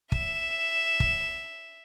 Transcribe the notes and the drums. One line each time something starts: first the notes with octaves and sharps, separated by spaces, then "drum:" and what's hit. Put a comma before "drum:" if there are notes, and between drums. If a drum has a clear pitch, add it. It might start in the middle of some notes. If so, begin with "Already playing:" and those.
E5 E7, drum: kick
drum: kick